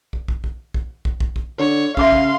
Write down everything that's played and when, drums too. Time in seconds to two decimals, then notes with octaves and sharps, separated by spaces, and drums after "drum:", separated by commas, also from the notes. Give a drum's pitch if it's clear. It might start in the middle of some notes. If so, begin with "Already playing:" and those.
0.13 drum: kick
0.28 drum: kick
0.44 drum: kick
0.74 drum: kick
1.05 drum: kick
1.20 drum: kick
1.36 drum: kick
1.59 D3 C#5
1.97 C#3 E5 F5 C6 D6 E6, drum: kick
2.12 drum: kick